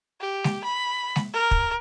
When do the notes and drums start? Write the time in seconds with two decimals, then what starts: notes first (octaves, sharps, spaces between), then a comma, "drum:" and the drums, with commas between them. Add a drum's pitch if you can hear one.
0.21 G4
0.44 drum: snare G#3
0.64 B5
1.16 drum: snare G#3
1.33 A#4
1.51 drum: kick